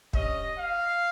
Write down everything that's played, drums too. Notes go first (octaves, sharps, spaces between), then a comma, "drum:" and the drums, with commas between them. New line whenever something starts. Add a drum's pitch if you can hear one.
G2 G3 C#4 D#5, drum: kick
F5